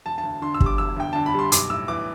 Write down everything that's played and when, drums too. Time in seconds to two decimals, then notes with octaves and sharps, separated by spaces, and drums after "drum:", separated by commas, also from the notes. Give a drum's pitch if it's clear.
0.05 E1 A5
0.18 A5
0.24 D2
0.42 D3 C6
0.54 E6
0.61 G3, drum: kick
0.66 D6
0.78 E1 E6
0.96 D2 G5
1.13 D3 A5
1.26 B5
1.34 G3 C6
1.52 B1 D6, drum: hi-hat
1.70 A2 E6
1.88 E3 D6